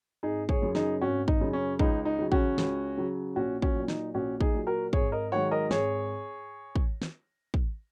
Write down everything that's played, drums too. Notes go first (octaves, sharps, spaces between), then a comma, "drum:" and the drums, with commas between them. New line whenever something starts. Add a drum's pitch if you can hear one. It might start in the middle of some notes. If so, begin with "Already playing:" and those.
G#1 D#4 G#4
G#4 C#5, drum: kick
F#2 C#3
D#4 G#4, drum: snare
G#1 C#4 F#4
D#4, drum: kick
F#2 C#3
C#4
C#2 D#4, drum: kick
D#4
C#3 F#3
C#4 F#4, drum: kick
C#2, drum: snare
C#3 F#3
A#1 C#4 F#4
C#4 F#4, drum: kick
A#2 F#3
D#4, drum: snare
A#1 C#4 F#4
D#4 G#4, drum: kick
A#2 F#3
F#4 A#4
G#1 G#4 C#5, drum: kick
A#4 D#5
G#2 D#3 F#3 C#5 F#5
A#4 D#5
G#1 G#4 C#5, drum: snare
drum: kick
drum: snare
drum: kick